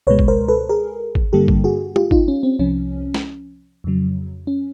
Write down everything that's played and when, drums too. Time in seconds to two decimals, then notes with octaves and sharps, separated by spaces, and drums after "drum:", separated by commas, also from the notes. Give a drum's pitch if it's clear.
0.07 C#2 B2 G#3 B4 C#5
0.19 drum: kick G#1
0.28 A#4 C5
0.48 A4 B4
0.69 G#4 A#4
1.15 drum: kick G#1
1.33 G2 D3 G3 A#3 G4 A4
1.48 drum: kick G#1
1.64 F#4 G#4
1.96 F4 G4, drum: tom
2.11 D#4 F4, drum: kick G#1
2.28 C#4
2.43 C4
2.59 C2 C3 F3 C#4
3.14 drum: snare
3.84 F2 C#3 F#3
4.47 C#4